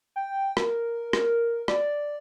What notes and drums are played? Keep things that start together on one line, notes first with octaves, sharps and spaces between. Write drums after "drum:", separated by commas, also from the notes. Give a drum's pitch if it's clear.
G5
A#4, drum: rim click
drum: rim click
D5, drum: rim click